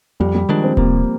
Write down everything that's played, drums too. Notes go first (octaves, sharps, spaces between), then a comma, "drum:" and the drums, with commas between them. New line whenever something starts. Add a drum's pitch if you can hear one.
F2 G3
G3
D#3 F3 G#3 D4
C4
C3 A#3, drum: kick D#1